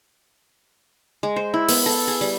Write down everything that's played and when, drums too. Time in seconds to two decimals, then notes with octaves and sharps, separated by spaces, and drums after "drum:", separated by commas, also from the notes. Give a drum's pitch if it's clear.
1.23 G#3
1.36 C5
1.54 E4
1.69 B3, drum: open hi-hat
1.86 A4
2.08 G#4
2.21 G3